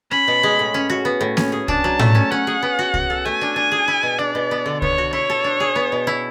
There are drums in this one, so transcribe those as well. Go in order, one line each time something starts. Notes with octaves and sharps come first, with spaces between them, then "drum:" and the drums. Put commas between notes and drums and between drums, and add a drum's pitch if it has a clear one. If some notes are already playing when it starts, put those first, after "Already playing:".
C#4 B5
B2
G#3
A2
C#4
F#4
B3
A2
C#4, drum: snare A#3
G#4
D4 A5, drum: kick C2
F#3
A3, drum: tom A2
C#4
C#4 F#5
G#4
B3
F#4
F#4, drum: kick C2
A4
A3 G#5
D4
D4 G#5
G#4
E4
B2
D4 D5
B2
B3
D3
B3 C#5, drum: kick C2
F#4
E4 C#5
A4
D4
G#4
B3
B2
E4